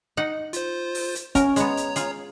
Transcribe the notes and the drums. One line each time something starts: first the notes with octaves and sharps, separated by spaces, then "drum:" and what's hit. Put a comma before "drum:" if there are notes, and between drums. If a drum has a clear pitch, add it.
D#4 F#5
F4 C5, drum: hi-hat
drum: open hi-hat
drum: hi-hat
C#4 A#4, drum: kick, hi-hat
G#3 B3 C#5 A#5, drum: hi-hat
drum: hi-hat
F4 G#4, drum: hi-hat